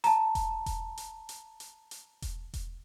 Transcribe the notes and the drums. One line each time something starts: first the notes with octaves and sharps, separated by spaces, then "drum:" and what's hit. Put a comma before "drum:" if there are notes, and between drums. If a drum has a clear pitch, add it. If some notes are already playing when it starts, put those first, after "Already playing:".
A5 A#5, drum: hi-hat
drum: kick E1, hi-hat
drum: kick E1, hi-hat
drum: hi-hat
drum: hi-hat
drum: hi-hat
drum: hi-hat
drum: kick E1, hi-hat
drum: kick E1, hi-hat